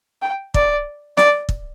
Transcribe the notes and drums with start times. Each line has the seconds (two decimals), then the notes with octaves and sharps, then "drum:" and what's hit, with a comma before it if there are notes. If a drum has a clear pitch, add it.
0.22 G5
0.54 D5, drum: kick
1.17 D5, drum: snare
1.49 drum: kick